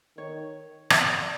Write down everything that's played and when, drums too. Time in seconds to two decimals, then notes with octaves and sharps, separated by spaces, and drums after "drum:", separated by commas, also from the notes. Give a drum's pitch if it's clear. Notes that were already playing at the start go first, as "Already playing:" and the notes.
0.17 D#3 C#5
0.90 drum: rim click
1.21 D5